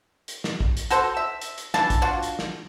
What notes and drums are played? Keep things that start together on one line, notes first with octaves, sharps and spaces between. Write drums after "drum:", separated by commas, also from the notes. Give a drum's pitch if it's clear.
drum: hi-hat
drum: snare
drum: kick
drum: hi-hat
F#4 A4 C5, drum: hi-hat
E5
drum: hi-hat
drum: hi-hat
E3 D4 A5, drum: snare
drum: kick, hi-hat
D4 F4 F#4
drum: hi-hat
drum: snare